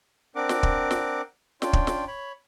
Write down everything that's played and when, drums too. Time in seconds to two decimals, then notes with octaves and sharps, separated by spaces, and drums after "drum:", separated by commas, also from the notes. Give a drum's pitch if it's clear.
0.36 C4 D4 A#4 F#5 D6
0.49 drum: snare
0.63 drum: kick
0.91 drum: snare
1.62 C#4 D4 F4 G5, drum: snare
1.73 drum: kick
1.87 drum: snare
2.08 C#5 B5